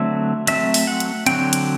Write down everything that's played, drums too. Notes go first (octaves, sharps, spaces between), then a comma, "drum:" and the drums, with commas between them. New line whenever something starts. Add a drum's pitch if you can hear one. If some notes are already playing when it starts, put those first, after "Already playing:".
Already playing: D3 F#3 A3 C4 E5
F#3 A3 C4 E5, drum: hi-hat
drum: open hi-hat
F#5
drum: hi-hat
D3 F#3 C4 G5, drum: hi-hat
drum: hi-hat